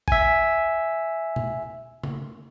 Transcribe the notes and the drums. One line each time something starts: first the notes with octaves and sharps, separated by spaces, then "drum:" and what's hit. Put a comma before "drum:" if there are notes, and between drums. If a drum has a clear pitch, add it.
E5 G#5, drum: kick G#1
drum: tom B2
drum: tom C#3